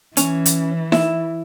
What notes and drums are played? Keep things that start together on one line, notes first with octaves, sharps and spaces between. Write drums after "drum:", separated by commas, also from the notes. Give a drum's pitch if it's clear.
E3 C#4, drum: hi-hat
drum: hi-hat
E4, drum: snare D#4